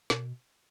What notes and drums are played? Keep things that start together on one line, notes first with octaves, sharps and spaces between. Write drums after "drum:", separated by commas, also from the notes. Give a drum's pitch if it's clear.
B2, drum: snare